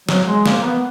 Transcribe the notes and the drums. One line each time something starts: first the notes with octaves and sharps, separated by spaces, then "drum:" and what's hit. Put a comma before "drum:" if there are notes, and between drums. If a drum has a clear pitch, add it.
F#3, drum: snare
G#3
A#3, drum: snare
B3